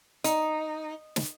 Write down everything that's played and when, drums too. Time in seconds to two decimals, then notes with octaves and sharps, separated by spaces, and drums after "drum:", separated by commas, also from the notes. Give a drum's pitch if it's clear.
0.24 D#4, drum: hi-hat
1.16 drum: snare